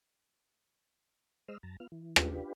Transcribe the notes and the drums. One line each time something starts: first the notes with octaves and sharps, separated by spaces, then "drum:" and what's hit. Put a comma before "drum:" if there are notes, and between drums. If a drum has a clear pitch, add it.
G#3 C5 D#5 E6 F6
F#2 A5 A#5
B3 F4 F6
E3
D4 F4 G4 B4, drum: rim click